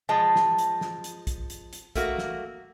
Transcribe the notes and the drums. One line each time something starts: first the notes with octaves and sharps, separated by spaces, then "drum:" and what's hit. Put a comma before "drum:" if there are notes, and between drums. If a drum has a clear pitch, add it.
F3 G#3 A5
drum: snare
drum: hi-hat
drum: snare
drum: hi-hat
drum: kick, hi-hat
drum: hi-hat
drum: hi-hat
A3 A#3 F#4, drum: kick, hi-hat
drum: snare